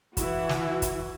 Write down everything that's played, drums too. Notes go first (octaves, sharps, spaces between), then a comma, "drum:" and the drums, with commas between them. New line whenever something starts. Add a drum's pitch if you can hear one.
E3 E4 F#4, drum: kick, hi-hat
drum: snare
drum: kick, hi-hat